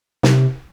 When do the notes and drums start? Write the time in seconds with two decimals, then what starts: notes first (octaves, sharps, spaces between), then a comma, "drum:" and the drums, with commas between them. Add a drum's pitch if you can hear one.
0.23 C3, drum: snare